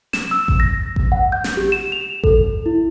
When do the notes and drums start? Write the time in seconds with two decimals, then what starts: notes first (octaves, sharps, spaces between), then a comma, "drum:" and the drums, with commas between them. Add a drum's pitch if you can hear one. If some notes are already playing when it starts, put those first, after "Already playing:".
0.13 E7, drum: snare
0.31 E6
0.48 drum: kick A1
0.60 A#6
0.96 drum: kick A1
1.12 F#5
1.32 G6
1.44 drum: snare
1.57 G4
1.72 E7
1.92 F7
2.24 A4, drum: kick A1
2.66 E4